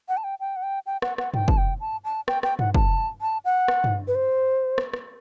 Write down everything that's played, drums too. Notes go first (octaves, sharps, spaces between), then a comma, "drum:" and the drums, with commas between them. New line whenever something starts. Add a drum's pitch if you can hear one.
F#5
A5
G5
G5
F#5
G5
G5
F#5, drum: rim click
F#5, drum: rim click
G5, drum: tom G2
A5, drum: kick
G5
A5
A5
G5, drum: rim click
G5, drum: rim click
F#5, drum: tom G2
A5, drum: kick
A5
F#5
drum: rim click
drum: tom G2
B4
C5
drum: rim click
drum: rim click